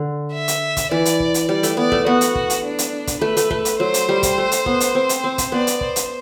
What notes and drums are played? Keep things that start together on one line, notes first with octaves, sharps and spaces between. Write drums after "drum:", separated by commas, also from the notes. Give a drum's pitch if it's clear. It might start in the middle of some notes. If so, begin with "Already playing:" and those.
Already playing: D3
E5
drum: hi-hat
drum: kick, hi-hat
E3 D5
drum: hi-hat
drum: kick
drum: hi-hat
G3 D5
A3, drum: hi-hat
B3 D5
A3, drum: kick
B3 F#4
drum: hi-hat
drum: kick
drum: hi-hat
D4
drum: hi-hat
drum: kick, hi-hat
A3 B4
A3, drum: hi-hat
A3, drum: kick
drum: hi-hat
F#3 C5
drum: hi-hat
G3
drum: kick, hi-hat
A3
drum: hi-hat
B3, drum: kick
drum: hi-hat
C4
drum: hi-hat
C4
drum: kick, hi-hat
B3 D5
drum: hi-hat
C5, drum: kick
drum: hi-hat